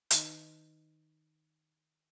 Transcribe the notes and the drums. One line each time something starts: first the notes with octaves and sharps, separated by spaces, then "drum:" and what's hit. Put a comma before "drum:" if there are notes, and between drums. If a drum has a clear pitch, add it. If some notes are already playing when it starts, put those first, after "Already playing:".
D#3 D#4 D#5 A5, drum: hi-hat